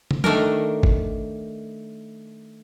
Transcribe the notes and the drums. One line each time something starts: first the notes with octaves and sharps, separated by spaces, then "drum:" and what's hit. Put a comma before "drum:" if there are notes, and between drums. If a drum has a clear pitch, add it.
drum: tom
D#3 A3 D4 A#4, drum: tom
drum: kick G#1